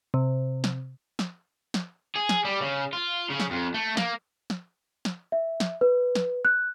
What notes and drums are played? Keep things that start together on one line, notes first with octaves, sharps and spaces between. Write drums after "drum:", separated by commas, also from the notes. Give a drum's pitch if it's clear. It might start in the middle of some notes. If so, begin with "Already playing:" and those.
C3
drum: snare
drum: snare
drum: snare
G#4
drum: snare
G3
C#3
F4
C#3
drum: snare
F2
A3
A#3, drum: snare
drum: snare
drum: snare
E5
drum: snare
B4
drum: snare
F#6